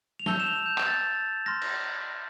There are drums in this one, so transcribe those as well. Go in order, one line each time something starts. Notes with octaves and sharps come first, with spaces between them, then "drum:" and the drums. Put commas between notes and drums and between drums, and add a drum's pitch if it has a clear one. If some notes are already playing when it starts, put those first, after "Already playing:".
F7
A5 E6 G6 G7, drum: snare
E7
F7
G6
G6, drum: clap
A6
C6 F6 A#6
drum: cymbal